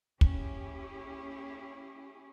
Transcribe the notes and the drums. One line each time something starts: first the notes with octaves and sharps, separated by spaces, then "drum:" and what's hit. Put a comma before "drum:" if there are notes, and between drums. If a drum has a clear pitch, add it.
A#3 C#4 E4 G4 G#4, drum: kick